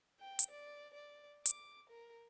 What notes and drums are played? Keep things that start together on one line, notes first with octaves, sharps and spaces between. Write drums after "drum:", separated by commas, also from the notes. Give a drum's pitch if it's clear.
G5
drum: hi-hat
D5
D5
D6, drum: hi-hat
A#4